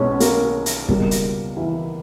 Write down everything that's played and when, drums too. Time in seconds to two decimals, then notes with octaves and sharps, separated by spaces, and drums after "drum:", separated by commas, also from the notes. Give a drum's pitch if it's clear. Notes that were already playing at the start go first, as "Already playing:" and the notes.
Already playing: B1 B2 G#3 B3 C#4 C#5
0.20 A#3 A#4, drum: hi-hat
0.66 drum: hi-hat
0.89 C#2 B2 G3 A#3, drum: kick
1.11 drum: hi-hat
1.57 E3 E4